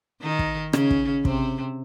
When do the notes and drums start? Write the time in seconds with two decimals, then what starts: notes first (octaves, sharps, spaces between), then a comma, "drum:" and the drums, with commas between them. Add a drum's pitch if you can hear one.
0.22 D#3 D#4
0.39 drum: kick
0.73 C#3 C#4, drum: rim click
0.91 drum: kick
1.25 C3 C4, drum: kick